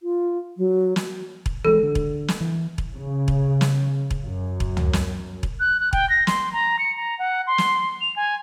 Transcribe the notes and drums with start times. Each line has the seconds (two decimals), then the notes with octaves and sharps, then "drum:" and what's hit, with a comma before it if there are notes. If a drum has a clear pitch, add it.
0.03 F4
0.58 F#3
0.96 drum: snare
1.46 drum: kick E1
1.65 E3 G3 G#3 A4
1.83 D3
1.95 drum: kick E1
2.28 drum: snare
2.41 E3
2.78 drum: kick E1
2.95 C#3
3.28 drum: kick E1
3.61 drum: snare
4.11 drum: kick E1
4.24 F#2
4.60 drum: kick E1
4.77 drum: tom
4.93 drum: snare
5.43 drum: kick E1
5.60 F#6
5.80 F#6
5.93 G5, drum: kick E1
6.10 A#6
6.27 C6, drum: snare
6.53 A#5
6.79 C#7
6.96 A#5
7.19 F#5
7.47 C6
7.58 drum: snare
8.01 F7
8.16 G#5